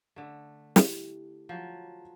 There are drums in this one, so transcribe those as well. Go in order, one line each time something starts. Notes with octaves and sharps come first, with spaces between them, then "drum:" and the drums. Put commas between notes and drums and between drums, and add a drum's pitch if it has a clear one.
D3 A3
E4 G4, drum: snare
F3 F#3